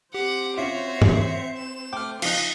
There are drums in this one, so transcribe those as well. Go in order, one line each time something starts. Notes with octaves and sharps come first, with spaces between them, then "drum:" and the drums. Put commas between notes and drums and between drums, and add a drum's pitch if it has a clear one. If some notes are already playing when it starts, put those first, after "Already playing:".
C4 G4 C5 F#5 D6
C#4 F4 F#4 C#5 E5 C7 C#7
drum: tom
E7
A3 G5 D6 F6
F3 D#4 D#5 F5 F#6, drum: cymbal